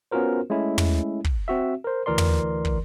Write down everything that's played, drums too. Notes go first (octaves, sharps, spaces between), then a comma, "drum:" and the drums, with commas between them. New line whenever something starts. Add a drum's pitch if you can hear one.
B3 C#4 F4 F#4 A#4 C5
G#3 A3 C#4 E4
drum: tom
drum: kick
C4 F#4 E5
A#4 C5
D2 E3 A#4 D5 C6
drum: tom
drum: kick